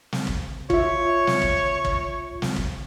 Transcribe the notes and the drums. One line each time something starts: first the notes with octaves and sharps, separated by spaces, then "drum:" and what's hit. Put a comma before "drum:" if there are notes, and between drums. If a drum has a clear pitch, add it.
drum: snare
drum: kick
F4 C#5 E5, drum: kick
drum: snare
drum: kick
drum: kick
drum: snare
drum: kick